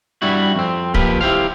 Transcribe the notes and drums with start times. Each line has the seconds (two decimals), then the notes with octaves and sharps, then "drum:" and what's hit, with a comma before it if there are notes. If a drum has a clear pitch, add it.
0.22 G2 G3 E4 F#4
0.55 F2 C4
0.94 F3 A#3 G4 B4, drum: kick
1.21 E4 G4 C5 F5